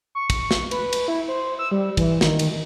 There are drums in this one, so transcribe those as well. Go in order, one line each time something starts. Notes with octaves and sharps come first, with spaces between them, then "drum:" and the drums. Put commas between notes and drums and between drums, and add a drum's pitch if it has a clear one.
C#6
drum: kick, cymbal
drum: snare
B4, drum: cymbal
drum: cymbal
E4
C5
E6
G3
E3, drum: kick, cymbal
D#3, drum: snare
drum: cymbal